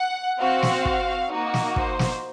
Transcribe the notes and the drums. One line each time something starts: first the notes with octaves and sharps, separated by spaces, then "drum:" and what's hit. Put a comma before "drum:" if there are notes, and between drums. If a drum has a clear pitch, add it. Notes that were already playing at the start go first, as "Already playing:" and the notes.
Already playing: F#5
C4 F#4 F5
drum: snare
drum: kick
A#3 D#4 F#4
drum: snare
C5, drum: kick
drum: snare